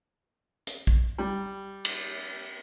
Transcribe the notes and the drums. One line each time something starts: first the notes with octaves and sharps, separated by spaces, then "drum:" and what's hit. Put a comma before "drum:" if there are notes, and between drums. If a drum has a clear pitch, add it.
drum: hi-hat
drum: kick A#1
G3
drum: cymbal